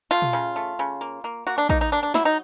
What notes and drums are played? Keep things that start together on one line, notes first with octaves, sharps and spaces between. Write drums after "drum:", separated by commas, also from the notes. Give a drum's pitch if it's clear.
A3 F4
drum: tom A#2
C#3
A3
C#3
A#3
A#3
A#3 F#4
D4
A#3 D#4, drum: kick
D#4
A#3 D4
D4
F#3 E4, drum: snare
D#4